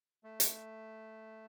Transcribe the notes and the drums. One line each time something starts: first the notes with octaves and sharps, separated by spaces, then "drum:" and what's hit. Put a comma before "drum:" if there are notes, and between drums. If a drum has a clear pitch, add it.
A3
drum: hi-hat